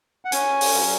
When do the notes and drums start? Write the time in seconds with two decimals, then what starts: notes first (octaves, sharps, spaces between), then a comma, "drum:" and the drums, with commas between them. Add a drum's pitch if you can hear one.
0.25 F#5
0.32 C#4 G#5, drum: hi-hat
0.61 drum: open hi-hat
0.75 F#3